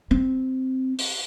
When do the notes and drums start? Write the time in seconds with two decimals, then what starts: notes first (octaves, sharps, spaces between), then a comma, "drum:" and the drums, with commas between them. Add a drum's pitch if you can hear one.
0.11 C4
0.99 drum: open hi-hat